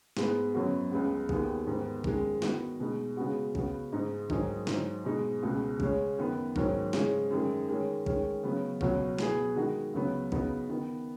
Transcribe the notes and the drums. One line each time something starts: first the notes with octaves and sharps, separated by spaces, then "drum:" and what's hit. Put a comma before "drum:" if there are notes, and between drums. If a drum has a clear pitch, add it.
G#2 G#3 B3, drum: snare
F#2 F#3 B3 F#4
C#2 C#3 G#3 B3
D#2 D#3 B3 G#4, drum: kick B1
G#2 D#3 B3
F#2 D#3 G#3, drum: kick B1
D#3 B3 D#4 F#4, drum: snare
B2 G#3 D#4
C#3 G#3 B3 F#4
C#3 B3 F#4, drum: kick B1
G#2 G#3 D#4
G#2 D#3 F#3 D#4 G#4, drum: kick B1
G#2 F#3 D#4, drum: snare
B2 G#3 D#4
C#2 B2 G#3
C#3 G#3 C#4, drum: kick B1
F#2 D#3 B3
G#2 D#3 F#3 C#4, drum: kick B1
C#3 G#3 C#4, drum: snare
F#2 D#3 G#3
D#3 G#3 C#4
D#3 G#3 C#4, drum: kick B1
C#3 F#3 B3
C#2 B2 F#3 C#4 F#4, drum: kick B1
B2 F#3 B3 G#4, drum: snare
D#3 G#3 D#4 F#4
C#2 C#3 F#3 B3
C#3 B3 D#4 F#4, drum: kick B1
D#3 B3 D#4